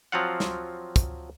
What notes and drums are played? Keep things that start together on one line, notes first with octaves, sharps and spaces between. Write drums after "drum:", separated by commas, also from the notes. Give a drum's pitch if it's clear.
F3 F#3 C4 F4 F5 F#5
drum: snare
drum: kick, hi-hat